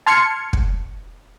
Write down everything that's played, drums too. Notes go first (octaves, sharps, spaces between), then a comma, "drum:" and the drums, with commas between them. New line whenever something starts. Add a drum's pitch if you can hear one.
A5 C6 F6 G#6 C#7
drum: kick